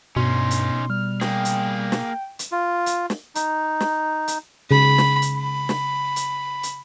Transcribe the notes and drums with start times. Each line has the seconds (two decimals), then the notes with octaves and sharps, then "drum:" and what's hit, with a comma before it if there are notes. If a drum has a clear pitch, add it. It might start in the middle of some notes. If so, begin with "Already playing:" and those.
0.16 G2 B2 C#4 D#4 C6
0.51 drum: hi-hat
0.90 G3 F6
1.21 A#3 G#4 G5, drum: snare
1.45 drum: hi-hat
1.92 drum: snare
2.39 drum: hi-hat
2.52 F4
2.86 drum: hi-hat
3.10 drum: snare
3.35 D#4, drum: hi-hat
3.80 drum: snare
4.28 drum: hi-hat
4.71 C#3 B5
4.98 drum: snare
5.22 drum: hi-hat
5.39 B5
5.69 drum: snare
6.16 drum: hi-hat
6.63 drum: hi-hat